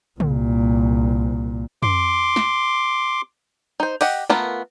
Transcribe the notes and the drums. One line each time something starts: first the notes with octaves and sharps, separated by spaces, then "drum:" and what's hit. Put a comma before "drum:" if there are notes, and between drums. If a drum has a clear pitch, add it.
C2 A#2, drum: tom
C6 D6, drum: tom
drum: snare
D#4 C5
G4 D#5 F#5, drum: open hi-hat
A3 B3 F4 A#4, drum: snare